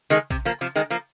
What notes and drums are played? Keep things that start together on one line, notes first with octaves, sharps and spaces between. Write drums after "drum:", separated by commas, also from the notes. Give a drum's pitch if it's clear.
D#3 G#3
C3, drum: kick
F3 A#3
C3 F3
D#3 G#3
F3 A#3